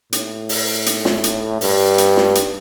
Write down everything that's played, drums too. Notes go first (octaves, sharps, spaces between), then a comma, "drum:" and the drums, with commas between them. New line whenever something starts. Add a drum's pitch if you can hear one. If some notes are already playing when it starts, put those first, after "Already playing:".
A2, drum: hi-hat
drum: open hi-hat
drum: hi-hat
drum: snare
drum: hi-hat
G2, drum: open hi-hat
drum: hi-hat
drum: snare
drum: hi-hat